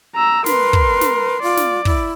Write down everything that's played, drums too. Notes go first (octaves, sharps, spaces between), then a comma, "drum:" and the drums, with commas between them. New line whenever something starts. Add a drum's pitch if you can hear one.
A#5 E6
A#4 B4 C6, drum: snare
drum: kick
drum: snare
F4 D5
drum: snare
E4, drum: kick